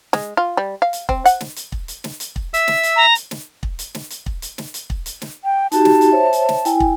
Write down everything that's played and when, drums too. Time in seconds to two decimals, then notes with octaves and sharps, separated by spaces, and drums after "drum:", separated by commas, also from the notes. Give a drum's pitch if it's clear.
0.13 G#3, drum: snare
0.37 F4
0.57 G3
0.82 F5
0.93 drum: hi-hat
1.09 C4, drum: kick
1.25 F#5, drum: hi-hat
1.41 drum: snare
1.56 drum: hi-hat
1.72 drum: kick
1.88 drum: hi-hat
2.04 drum: snare
2.20 drum: hi-hat
2.36 drum: kick
2.54 E5 E6, drum: hi-hat
2.68 drum: snare
2.83 drum: hi-hat
2.96 A#5
3.15 drum: hi-hat
3.31 drum: snare
3.63 drum: kick
3.79 drum: hi-hat
3.95 drum: snare
4.10 drum: hi-hat
4.26 drum: kick
4.42 drum: hi-hat
4.58 drum: snare
4.74 drum: hi-hat
4.90 drum: kick
5.06 drum: hi-hat
5.22 drum: snare
5.45 G5
5.72 D#4 F#4 G4 A5, drum: hi-hat
5.85 drum: snare
6.01 drum: hi-hat
6.12 C5 C#5 E5
6.33 drum: hi-hat
6.49 drum: snare
6.65 E4 G5 G#5, drum: hi-hat
6.80 drum: kick